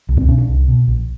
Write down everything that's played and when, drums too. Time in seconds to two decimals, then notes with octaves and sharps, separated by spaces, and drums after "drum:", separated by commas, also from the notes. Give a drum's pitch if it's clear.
0.09 C2
0.17 C4, drum: kick C2
0.27 B2 C#4
0.38 D4
0.48 C2
0.68 B2
0.88 A#1